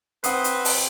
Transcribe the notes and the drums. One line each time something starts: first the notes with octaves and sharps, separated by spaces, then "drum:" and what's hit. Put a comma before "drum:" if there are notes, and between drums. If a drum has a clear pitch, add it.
C4 B4 F#5 D#6 C7, drum: hi-hat
drum: hi-hat
drum: open hi-hat